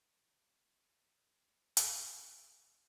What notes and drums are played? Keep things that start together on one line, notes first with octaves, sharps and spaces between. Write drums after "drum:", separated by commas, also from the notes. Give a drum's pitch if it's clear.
F2 A4
drum: hi-hat